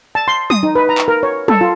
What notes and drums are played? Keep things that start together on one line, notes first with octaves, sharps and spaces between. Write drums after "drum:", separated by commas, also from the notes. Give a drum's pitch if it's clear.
A5
C6
D#6, drum: tom F#3
D#4
B4
A#5
drum: clap
A#4
C#5
A4, drum: tom F#3
F4